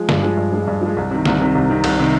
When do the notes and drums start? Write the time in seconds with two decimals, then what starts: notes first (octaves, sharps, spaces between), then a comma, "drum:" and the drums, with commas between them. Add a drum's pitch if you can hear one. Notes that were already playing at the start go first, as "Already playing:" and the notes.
Already playing: F3 G#3
0.09 G2, drum: snare
0.23 F3 G#3
0.37 G2
0.52 F3 G#3
0.68 G2
0.81 F3 G#3
0.97 C2
1.11 C3 D#3
1.26 C2, drum: snare
1.41 C3 D#3
1.55 C2
1.70 C3 D#3
1.84 C2, drum: cymbal
1.99 C3 D#3